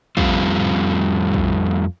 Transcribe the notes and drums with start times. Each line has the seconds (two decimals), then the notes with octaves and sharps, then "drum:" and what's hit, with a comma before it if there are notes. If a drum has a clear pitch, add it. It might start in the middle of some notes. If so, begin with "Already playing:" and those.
0.17 F2 G3 A3 C4 F4, drum: kick
1.34 drum: kick